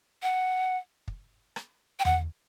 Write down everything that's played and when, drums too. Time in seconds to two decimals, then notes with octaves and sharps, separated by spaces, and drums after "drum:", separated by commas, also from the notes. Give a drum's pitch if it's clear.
0.23 F#5
1.08 drum: kick
1.56 drum: rim click
2.00 G5
2.05 F#5, drum: tom E2